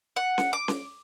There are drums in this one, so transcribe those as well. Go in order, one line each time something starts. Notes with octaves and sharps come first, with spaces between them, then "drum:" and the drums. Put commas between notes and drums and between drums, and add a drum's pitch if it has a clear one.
F#5
drum: snare C#4
D6
drum: snare C#4